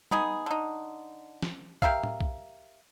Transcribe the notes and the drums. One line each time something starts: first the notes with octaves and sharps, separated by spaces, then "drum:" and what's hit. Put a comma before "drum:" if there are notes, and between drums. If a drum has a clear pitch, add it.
B3 D#4 G#4, drum: tom
D3 D#4
drum: snare
G4 A#4 E5 F5, drum: kick
drum: tom
drum: kick